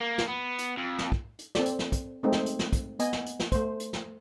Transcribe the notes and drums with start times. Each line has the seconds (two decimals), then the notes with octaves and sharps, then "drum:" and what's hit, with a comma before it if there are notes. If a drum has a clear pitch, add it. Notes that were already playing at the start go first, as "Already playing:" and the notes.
0.01 A#3
0.18 drum: snare
0.28 B3
0.58 drum: hi-hat
0.78 F2
0.99 drum: snare
1.12 drum: kick
1.39 drum: hi-hat
1.55 C4 A4 D5, drum: snare
1.65 drum: hi-hat
1.79 drum: snare
1.92 drum: kick, hi-hat
2.23 G#3 A3 C4 D#4
2.32 drum: snare
2.46 drum: hi-hat
2.59 drum: snare
2.73 drum: kick, hi-hat
2.99 B3 D#5 G#5, drum: hi-hat
3.13 drum: snare
3.26 drum: hi-hat
3.40 drum: snare
3.52 A3 C5, drum: kick, hi-hat
3.80 drum: hi-hat
3.93 drum: snare